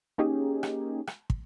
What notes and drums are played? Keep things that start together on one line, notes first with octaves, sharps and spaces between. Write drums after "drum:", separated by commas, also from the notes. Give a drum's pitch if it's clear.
A#3 C#4 D#4 G4 G#4
drum: rim click
drum: rim click
drum: kick